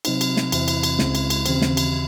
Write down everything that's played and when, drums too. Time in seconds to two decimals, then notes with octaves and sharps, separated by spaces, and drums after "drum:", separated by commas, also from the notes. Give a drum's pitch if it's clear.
0.05 C3 F#3 C4 D#4, drum: cymbal
0.21 drum: cymbal
0.37 drum: snare
0.52 E2 C3 E3 C4 E4, drum: cymbal
0.68 drum: cymbal
0.83 drum: cymbal
0.99 C#2 C#3 G#3 C4 E4, drum: snare
1.15 drum: cymbal
1.30 drum: cymbal
1.46 D#2 C#3 E3 C4, drum: cymbal
1.62 drum: snare
1.77 drum: cymbal